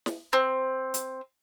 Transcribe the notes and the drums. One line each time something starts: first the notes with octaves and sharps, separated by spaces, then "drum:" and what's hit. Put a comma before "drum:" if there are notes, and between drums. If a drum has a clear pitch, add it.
drum: snare
C4
drum: hi-hat